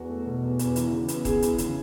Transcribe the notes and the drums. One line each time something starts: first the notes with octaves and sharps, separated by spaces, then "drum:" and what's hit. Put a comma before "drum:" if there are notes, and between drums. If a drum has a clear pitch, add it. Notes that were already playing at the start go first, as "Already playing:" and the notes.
Already playing: E2 F#4
A3
B2
E2
E2, drum: hi-hat
E3, drum: hi-hat
C#3
B3, drum: hi-hat
E2 G#4, drum: kick D#1, hi-hat
E3, drum: hi-hat
C#3, drum: hi-hat